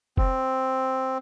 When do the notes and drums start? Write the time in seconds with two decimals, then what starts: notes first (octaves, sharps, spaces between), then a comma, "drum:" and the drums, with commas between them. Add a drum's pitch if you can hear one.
0.17 C4, drum: kick